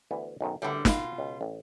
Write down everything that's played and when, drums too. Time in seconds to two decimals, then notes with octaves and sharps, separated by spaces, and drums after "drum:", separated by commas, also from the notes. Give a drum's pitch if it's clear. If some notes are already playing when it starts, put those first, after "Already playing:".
0.11 D2 E3 B3
0.41 B1 F#2 D#3
0.62 F#2 A2 D3 G3 B3
0.85 B2 F4, drum: snare
1.18 C#2
1.41 A1